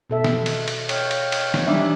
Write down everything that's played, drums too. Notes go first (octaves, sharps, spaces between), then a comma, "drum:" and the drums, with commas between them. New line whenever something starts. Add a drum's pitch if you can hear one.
B2 A4 E5
drum: snare
drum: cymbal
drum: cymbal
C#5 F5 G5, drum: cymbal
drum: cymbal
drum: cymbal
drum: snare
E3 G3 D4 D#4 E5